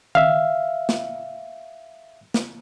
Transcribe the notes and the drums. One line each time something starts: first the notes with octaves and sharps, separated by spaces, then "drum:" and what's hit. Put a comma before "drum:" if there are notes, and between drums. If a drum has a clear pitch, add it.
E5 F5, drum: tom D#3
drum: snare
drum: snare